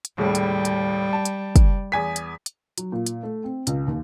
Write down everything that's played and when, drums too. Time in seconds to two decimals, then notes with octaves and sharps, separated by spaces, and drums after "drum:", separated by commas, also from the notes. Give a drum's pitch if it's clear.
0.05 drum: hi-hat
0.18 D#2 A2 C#3 G3
0.35 drum: hi-hat
0.65 drum: hi-hat
1.13 A5
1.25 drum: hi-hat
1.56 drum: kick, hi-hat
1.92 E2 G#5 B6
2.16 drum: hi-hat
2.46 drum: hi-hat
2.78 F#3, drum: hi-hat
2.92 A#2
3.06 drum: hi-hat
3.23 A3
3.44 C4
3.67 C#2, drum: hi-hat
3.87 D#2